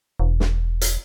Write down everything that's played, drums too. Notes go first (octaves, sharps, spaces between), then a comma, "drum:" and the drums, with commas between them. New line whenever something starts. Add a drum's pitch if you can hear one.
E1
drum: snare
drum: hi-hat